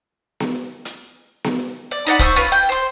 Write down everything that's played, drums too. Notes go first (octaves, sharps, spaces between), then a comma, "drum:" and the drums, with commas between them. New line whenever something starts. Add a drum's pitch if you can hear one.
drum: snare B3
drum: hi-hat
drum: snare B3
D5
D#4 D5 F#5 B5
C5 C#6 D#6 E6, drum: kick
C#4 F4 B4
G5
C5 C6